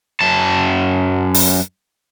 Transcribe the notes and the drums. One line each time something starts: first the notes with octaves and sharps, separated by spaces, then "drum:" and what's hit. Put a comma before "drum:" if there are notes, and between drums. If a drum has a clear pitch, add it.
F#2 A5
drum: open hi-hat